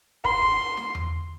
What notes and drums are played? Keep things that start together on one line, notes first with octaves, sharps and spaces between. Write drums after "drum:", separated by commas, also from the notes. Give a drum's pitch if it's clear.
C6, drum: kick
drum: kick
drum: snare
drum: tom E2